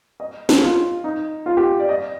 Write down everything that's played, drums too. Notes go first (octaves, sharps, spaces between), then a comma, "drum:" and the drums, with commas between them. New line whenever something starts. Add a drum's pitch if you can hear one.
D#5
drum: snare
F4
D#4
F4
G4
D5
D#5